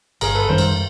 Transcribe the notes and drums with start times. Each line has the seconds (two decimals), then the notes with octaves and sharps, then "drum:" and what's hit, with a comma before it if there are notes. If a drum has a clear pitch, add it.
0.21 G1 G#4 A#4, drum: cymbal
0.35 A4 B4
0.48 F#2 D#3 G3 A#4 C5
0.58 drum: cymbal